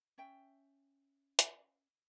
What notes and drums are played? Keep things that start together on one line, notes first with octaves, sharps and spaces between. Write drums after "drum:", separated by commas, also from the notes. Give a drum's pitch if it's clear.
C#4 E5 G5
drum: hi-hat